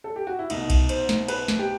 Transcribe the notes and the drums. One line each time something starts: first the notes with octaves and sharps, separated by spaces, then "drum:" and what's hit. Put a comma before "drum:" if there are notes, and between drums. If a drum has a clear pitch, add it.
A4
G4
F#4
E4
C2 B2 D#4, drum: cymbal
drum: kick B1, cymbal
C5, drum: cymbal
drum: snare
B4, drum: cymbal
drum: snare
G4